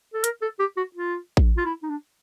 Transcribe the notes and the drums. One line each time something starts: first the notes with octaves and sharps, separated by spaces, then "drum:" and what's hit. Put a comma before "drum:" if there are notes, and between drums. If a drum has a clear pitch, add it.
A4
A#4, drum: hi-hat
A4
G4
F#4
F4
drum: kick A1
F4
E4
D#4
D4